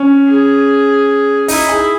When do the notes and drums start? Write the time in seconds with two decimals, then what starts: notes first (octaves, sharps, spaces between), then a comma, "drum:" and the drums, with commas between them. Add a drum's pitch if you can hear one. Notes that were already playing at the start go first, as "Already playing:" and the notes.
Already playing: C#4
0.28 G#4
1.48 D#4 E4, drum: open hi-hat
1.69 G#4